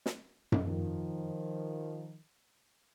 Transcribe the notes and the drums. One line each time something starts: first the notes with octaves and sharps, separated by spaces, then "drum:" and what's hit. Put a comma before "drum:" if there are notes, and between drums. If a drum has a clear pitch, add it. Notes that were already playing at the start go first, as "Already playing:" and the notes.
drum: snare
drum: tom F#2
D#3 F3